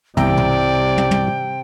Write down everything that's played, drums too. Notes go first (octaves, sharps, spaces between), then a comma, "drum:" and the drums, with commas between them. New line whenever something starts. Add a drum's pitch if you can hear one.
C2 C3 D5 E5 G5 A#5, drum: tom
drum: tom B2
drum: tom
drum: tom